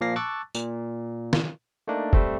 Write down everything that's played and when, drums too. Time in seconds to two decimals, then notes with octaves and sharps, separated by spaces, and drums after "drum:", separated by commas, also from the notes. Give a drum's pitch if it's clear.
0.01 A#2 F3 A#3 F5 A#6 C7
0.16 A5 C#6 D6 E6 F#6 A6
0.55 A#2, drum: tambourine
1.33 drum: snare
1.88 A3 A#3 D4 D#4
2.13 G3 A3 C4, drum: kick